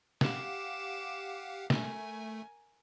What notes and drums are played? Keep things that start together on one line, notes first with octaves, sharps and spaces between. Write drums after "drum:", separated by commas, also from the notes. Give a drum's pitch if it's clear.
G4 F5 F#5 D6 E7, drum: snare
A3 A#4 G#5, drum: snare